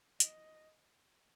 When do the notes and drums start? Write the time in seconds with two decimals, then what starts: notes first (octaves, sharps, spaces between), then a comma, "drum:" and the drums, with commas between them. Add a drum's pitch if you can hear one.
0.20 D#5, drum: hi-hat